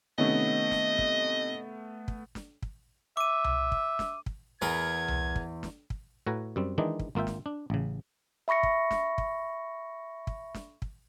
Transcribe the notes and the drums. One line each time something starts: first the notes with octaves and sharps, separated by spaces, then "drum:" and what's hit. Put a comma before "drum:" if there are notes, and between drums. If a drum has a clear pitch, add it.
C3 D#3 A3 B3 C#4 D#5
drum: snare
drum: kick
drum: kick
drum: snare
drum: kick
E5 D6 D#7
drum: tom C2
drum: kick
drum: snare
drum: kick
E2 B3 G#4 A#4 G#6
drum: tom C2
drum: kick
drum: snare
drum: kick
A2 F#4 B4 G#5 A#5
F#2 G3 C4
D#3 E3 G#3 D4 D#4
drum: kick
G#1 A#3 F4 E5 G5
drum: snare
D4
A1 C#3
E5 B5 C#6 A#6 C#7
drum: kick
drum: snare
drum: kick
drum: kick
drum: snare
drum: kick